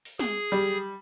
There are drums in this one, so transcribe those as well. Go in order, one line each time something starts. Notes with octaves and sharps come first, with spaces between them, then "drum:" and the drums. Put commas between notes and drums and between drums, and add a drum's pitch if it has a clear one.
drum: open hi-hat
G#4, drum: snare
G3